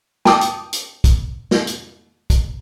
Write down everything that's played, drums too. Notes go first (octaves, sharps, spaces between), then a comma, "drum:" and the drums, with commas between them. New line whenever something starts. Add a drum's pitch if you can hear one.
G5 A5 D6 D#6, drum: snare
drum: hi-hat
drum: hi-hat
drum: kick, hi-hat
drum: snare
drum: hi-hat
drum: kick, hi-hat